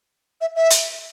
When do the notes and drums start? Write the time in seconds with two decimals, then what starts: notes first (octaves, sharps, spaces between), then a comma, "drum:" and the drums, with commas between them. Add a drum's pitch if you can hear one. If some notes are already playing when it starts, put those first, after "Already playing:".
0.41 E5
0.56 E5
0.71 drum: hi-hat